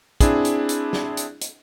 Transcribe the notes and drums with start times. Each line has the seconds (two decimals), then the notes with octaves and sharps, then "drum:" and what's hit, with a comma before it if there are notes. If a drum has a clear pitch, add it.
0.20 C4 D4 E4 G#4, drum: kick, hi-hat
0.45 drum: hi-hat
0.69 drum: hi-hat
0.93 drum: snare
1.17 drum: hi-hat
1.41 drum: hi-hat